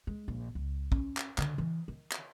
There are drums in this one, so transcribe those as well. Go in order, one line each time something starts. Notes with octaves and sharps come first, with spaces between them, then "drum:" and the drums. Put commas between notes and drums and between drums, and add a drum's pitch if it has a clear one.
G#3
A#1
C#2
C#4, drum: kick
drum: clap
D3, drum: clap
E3
D#3
drum: clap